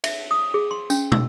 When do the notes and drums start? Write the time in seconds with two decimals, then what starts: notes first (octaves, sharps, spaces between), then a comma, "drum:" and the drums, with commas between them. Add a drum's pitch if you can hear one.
0.04 E5, drum: cymbal
0.31 D#6
0.54 G#4
0.71 C6
0.90 C#4, drum: tambourine
1.12 E6, drum: tom